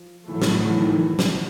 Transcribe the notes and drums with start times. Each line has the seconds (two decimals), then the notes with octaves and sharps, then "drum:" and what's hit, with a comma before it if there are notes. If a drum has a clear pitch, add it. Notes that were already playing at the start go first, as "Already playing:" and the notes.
Already playing: F3
0.28 A2 E3 F#3 A3
0.42 drum: snare
0.64 E3
0.77 D#3
0.88 E3
1.19 drum: snare